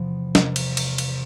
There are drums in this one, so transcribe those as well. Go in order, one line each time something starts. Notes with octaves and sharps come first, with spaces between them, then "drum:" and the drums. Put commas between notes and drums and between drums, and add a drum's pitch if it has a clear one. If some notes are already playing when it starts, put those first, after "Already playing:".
Already playing: E2 C3 F3 C4
C3 G3 A#3, drum: snare
drum: cymbal
drum: cymbal
drum: cymbal